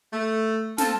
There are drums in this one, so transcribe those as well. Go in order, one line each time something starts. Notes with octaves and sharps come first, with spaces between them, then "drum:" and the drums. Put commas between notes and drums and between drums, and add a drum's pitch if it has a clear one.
A3
C4 F4 A4 A5, drum: snare